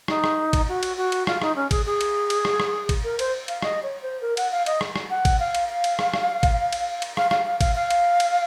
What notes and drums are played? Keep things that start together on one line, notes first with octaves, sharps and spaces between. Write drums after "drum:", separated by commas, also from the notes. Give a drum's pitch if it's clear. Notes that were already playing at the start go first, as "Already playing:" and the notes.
D#4, drum: rim click
drum: rim click
drum: kick A1, cymbal
F#4
drum: cymbal
F#4
drum: cymbal
F4, drum: rim click
D#4, drum: rim click
C#4
G#4, drum: kick A1, cymbal
G#4
drum: cymbal
drum: cymbal
drum: rim click
drum: rim click
drum: kick A1, cymbal
A#4
C5, drum: cymbal
F5, drum: cymbal
D#5, drum: rim click
C#5
C5
A#4
F#5, drum: cymbal
F5
D#5, drum: cymbal
drum: rim click
drum: rim click
F#5
drum: kick A1, cymbal
F5
drum: cymbal
F5
drum: cymbal
drum: rim click
drum: rim click
drum: kick A1, cymbal
drum: cymbal
drum: cymbal
F5, drum: rim click
F5, drum: rim click
F5
F5, drum: kick A1, cymbal
F5
drum: cymbal
drum: cymbal